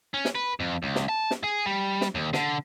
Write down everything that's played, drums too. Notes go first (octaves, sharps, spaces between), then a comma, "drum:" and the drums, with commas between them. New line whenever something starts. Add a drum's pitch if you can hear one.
C#4
drum: snare
B4
F2
C#2
drum: snare
A5
drum: snare
G#4
G3
drum: snare
D#2
D3, drum: snare